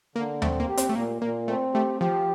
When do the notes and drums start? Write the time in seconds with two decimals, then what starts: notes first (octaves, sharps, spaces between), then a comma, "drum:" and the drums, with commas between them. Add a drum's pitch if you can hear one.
0.16 D3 A#3
0.42 A3 C4, drum: tom D#2
0.60 A#3
0.69 G4
0.78 C4, drum: hi-hat
0.89 A3
0.95 A#2 A#3
1.22 A#2 A#3
1.48 A3 C4
1.74 A3 G4
2.01 F3 G4